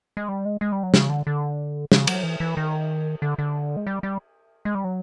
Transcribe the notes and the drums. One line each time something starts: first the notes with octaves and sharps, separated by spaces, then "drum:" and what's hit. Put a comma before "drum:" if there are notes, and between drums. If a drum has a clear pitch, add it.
G#3
G3
G#3
G#3
G3
F#3
C#3, drum: snare
D3
D3
C#3, drum: snare
F#3, drum: cymbal
E3
E3
D#3
D3
D3
G#3
G3
G3
G#3
G3
F#3